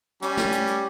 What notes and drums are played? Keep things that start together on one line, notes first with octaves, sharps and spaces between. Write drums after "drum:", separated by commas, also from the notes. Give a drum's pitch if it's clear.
G3 C#4, drum: hi-hat
drum: snare
drum: hi-hat
drum: hi-hat